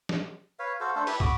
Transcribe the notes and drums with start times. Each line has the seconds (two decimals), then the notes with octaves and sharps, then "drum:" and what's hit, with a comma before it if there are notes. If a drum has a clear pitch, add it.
0.09 drum: snare
0.59 B4 C#5 F5
0.80 F#4 A4 C5 F5
0.95 A3 D4 A4 C5
1.07 E4 G4 A4 B4, drum: open hi-hat
1.20 F#4 B5 D6 D#6, drum: kick